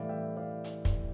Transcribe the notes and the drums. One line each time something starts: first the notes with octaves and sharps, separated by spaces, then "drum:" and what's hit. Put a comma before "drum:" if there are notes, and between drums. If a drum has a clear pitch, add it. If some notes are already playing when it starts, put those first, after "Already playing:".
Already playing: A2 E3 G3 D5 F5
E5 G5
D5 F5
drum: hi-hat
drum: kick, hi-hat